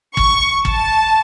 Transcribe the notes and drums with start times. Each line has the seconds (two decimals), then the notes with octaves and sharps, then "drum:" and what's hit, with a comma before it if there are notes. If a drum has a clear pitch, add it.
0.17 C#6, drum: kick
0.65 A5, drum: kick